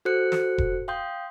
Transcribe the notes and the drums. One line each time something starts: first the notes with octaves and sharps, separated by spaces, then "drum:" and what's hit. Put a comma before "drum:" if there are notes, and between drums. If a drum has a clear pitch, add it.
F#4 A4 C5 F#6 C#7
drum: snare
drum: kick E1
F5 G5 C6 D#6 G6